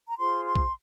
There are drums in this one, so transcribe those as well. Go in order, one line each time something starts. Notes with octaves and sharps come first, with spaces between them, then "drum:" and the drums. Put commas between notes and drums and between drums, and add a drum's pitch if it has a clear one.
A#5
F4 G#4 C5 C6
C6
drum: kick B1